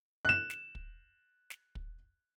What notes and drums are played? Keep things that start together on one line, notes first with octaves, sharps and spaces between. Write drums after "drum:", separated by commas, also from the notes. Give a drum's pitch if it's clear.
F#6 E7
drum: snare
drum: kick
drum: snare
drum: kick